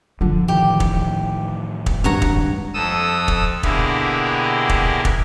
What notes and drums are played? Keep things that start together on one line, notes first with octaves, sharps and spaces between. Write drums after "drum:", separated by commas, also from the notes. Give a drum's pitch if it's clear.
D3 F3 F4
A2 D#3 E3 G4
drum: kick
drum: kick
G#1 G2 C#5 F#5 A#5
drum: kick
F2 A4 D#6 E6
drum: kick
B2 D3 A#3 E4 G4 G#4, drum: kick
drum: kick
drum: kick